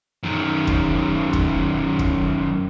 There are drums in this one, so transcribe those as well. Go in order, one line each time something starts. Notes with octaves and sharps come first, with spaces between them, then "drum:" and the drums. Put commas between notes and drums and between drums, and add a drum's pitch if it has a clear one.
F#2 D#3
drum: kick
drum: kick
drum: kick